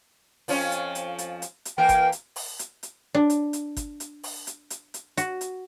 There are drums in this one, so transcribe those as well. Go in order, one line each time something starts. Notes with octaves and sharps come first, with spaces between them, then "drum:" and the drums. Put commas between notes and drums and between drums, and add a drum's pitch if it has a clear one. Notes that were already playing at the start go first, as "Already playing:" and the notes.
F2 F3 C#4, drum: open hi-hat
drum: hi-hat
drum: hi-hat
drum: hi-hat
drum: hi-hat
drum: hi-hat
E3 A#3 A#4 G5
drum: kick G1, hi-hat
drum: hi-hat
drum: open hi-hat
drum: hi-hat
drum: hi-hat
D4
drum: hi-hat
drum: hi-hat
drum: kick G1, hi-hat
drum: hi-hat
drum: open hi-hat
drum: hi-hat
drum: hi-hat
drum: hi-hat
F#4, drum: hi-hat
drum: hi-hat